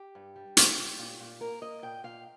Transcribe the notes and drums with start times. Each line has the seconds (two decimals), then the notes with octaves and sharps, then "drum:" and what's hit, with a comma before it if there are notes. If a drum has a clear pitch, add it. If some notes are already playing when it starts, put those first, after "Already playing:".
Already playing: G4
0.15 G2
0.36 G3
0.57 A#2, drum: hi-hat
0.77 G3
0.98 A#2
1.20 A#2
1.40 A#3 A#4
1.61 A#3 D#5
1.83 A#2 G5
2.04 A#2 F5